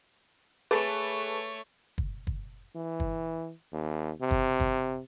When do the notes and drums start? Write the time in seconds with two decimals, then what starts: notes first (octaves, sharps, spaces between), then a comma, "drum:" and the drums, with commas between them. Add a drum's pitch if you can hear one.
0.71 A3 G#4 A4 B4 C#5
1.98 drum: kick
2.27 drum: kick
2.76 E3
3.00 drum: kick
3.73 D#2
4.21 C3
4.31 drum: kick
4.60 drum: kick